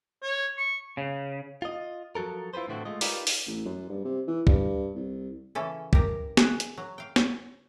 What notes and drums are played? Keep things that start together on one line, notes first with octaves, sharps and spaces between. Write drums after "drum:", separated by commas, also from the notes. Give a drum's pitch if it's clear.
C#5
C#6
C#3
F4 D#5
F3 F#3 F#4 A4 A#4
E4 F4 G#4 B4 C5
A2 D3 E3 A3 C4 F#4
G#3 A3 F4 D#5
D#4 F4 G4 A#4 B4 D5, drum: open hi-hat
drum: open hi-hat
A1
F#2
G2
C3
E3
G2, drum: kick
C2
C#3 E3 C#4 E4 A4
G4 A#4, drum: kick
G#4 F#5, drum: snare
drum: hi-hat
F#3
F5 G5
C#5, drum: snare